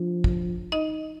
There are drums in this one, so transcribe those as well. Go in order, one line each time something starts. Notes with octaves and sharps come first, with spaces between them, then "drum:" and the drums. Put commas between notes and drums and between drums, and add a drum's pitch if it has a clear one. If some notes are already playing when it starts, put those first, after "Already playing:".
Already playing: F3 D4
drum: kick
D#4 D#5